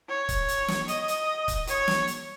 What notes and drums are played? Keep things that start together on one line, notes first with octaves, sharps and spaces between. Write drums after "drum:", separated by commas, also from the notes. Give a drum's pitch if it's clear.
C#5
drum: kick C#1, hi-hat
drum: hi-hat
drum: snare
D#5, drum: hi-hat
drum: hi-hat
drum: kick C#1, hi-hat
C#5, drum: hi-hat
drum: snare
drum: hi-hat